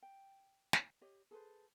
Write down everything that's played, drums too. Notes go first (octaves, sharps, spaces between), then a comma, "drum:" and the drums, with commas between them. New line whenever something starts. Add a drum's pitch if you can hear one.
G5
drum: snare
G4 C#5 D#5
G#4 A4 B4 C5